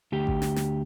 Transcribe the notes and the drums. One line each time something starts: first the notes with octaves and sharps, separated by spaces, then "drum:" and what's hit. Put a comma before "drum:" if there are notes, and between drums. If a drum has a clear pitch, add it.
D2 G4 G5
drum: kick A1
drum: snare
drum: snare